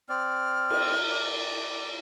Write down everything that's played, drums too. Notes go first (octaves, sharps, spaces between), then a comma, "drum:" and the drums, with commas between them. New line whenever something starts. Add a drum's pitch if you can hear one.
C4 D5 F6
drum: cymbal
D5